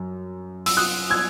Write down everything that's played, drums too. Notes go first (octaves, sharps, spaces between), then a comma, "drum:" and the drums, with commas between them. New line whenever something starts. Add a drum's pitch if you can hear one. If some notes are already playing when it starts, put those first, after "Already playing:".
Already playing: F#2
E6, drum: open hi-hat
D#6 F#6
E6 G#6